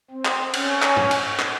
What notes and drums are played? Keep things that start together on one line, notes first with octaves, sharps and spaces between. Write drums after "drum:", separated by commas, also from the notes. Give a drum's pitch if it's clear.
C4
drum: clap
C#4, drum: cymbal
drum: clap
drum: tom
drum: cymbal
drum: clap